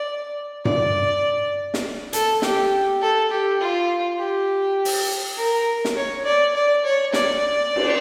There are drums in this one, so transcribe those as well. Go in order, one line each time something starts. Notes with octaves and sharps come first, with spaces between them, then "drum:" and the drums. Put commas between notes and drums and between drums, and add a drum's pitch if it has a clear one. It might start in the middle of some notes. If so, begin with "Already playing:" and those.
Already playing: D5
D5, drum: tom G2
drum: snare
A4, drum: hi-hat
G4, drum: snare
A4
G4
F4
G4
drum: open hi-hat
A#4
drum: snare
C#5
D5
D5
C#5
D5, drum: snare
drum: cymbal